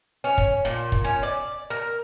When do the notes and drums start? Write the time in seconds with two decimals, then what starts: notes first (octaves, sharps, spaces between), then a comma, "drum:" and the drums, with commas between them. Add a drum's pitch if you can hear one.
0.24 C#4
0.38 drum: kick
0.65 A#2
0.92 drum: kick
1.04 C#4
1.23 D5
1.70 A#4